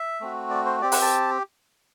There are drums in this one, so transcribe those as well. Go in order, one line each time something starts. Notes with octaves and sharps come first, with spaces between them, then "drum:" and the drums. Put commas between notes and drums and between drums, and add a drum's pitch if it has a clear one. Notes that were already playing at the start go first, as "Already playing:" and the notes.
Already playing: E5
A3 C4 F#4
D5
C5
C4 G4 D5
F#5, drum: open hi-hat
A5